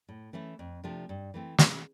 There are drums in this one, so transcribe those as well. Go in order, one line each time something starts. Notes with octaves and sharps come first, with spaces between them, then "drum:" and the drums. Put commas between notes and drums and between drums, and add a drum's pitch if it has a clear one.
A2
E3 A3 C#4 E4
F2
C3 F3 A3 D4
G2
E3 A3 C4
C#3, drum: snare